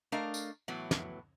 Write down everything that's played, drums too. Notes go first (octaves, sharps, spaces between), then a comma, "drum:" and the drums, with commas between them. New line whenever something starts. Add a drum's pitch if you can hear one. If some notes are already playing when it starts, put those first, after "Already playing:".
A3 D4 A#4 D#5 F5
drum: tambourine
A2 E3 F#3 B3
drum: snare